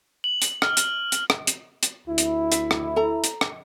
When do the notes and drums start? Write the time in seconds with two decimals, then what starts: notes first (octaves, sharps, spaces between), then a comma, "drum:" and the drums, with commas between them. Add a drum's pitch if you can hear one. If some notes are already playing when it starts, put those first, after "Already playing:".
0.24 F#7
0.42 drum: hi-hat
0.62 F6, drum: rim click
0.77 drum: hi-hat
1.12 drum: hi-hat
1.30 drum: rim click
1.47 drum: hi-hat
1.83 drum: hi-hat
2.08 D2 E4
2.18 drum: hi-hat
2.52 E5, drum: hi-hat
2.71 drum: rim click
2.96 A4 A#5
3.24 drum: hi-hat
3.41 drum: rim click